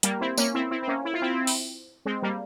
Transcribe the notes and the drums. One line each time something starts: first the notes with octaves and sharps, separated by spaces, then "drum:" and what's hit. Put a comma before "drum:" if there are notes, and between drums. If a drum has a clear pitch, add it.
G3 A#3, drum: hi-hat
C4 E4
A#3 C#4, drum: tambourine
C4 E4
C4 E4
C4
A#3 C#4
E4
F4
C4 E4
drum: open hi-hat
G#3 C4
G3 A#3